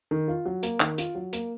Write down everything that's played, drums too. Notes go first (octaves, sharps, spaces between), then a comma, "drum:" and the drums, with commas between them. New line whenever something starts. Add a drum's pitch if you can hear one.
D#3
F4
F#3
A#3, drum: hi-hat
D#3, drum: clap
F4, drum: hi-hat
F#3
A#3, drum: hi-hat